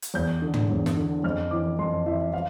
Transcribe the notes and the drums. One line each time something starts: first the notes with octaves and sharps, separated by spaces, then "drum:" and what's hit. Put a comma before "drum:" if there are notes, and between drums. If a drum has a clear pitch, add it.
drum: hi-hat
E2 G6
D3
drum: tom
E2
drum: snare
D3
F2 F6
E3 D6
F2 C6
E3 E5
F5